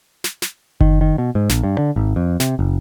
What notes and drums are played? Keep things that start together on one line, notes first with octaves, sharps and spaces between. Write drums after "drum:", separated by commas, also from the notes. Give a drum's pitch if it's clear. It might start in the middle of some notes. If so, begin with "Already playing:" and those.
drum: snare
drum: snare
D#3, drum: kick F#1
D#3
B2
G#2
A#1, drum: snare
G2
D3
G#1
F2
C3, drum: snare
F#1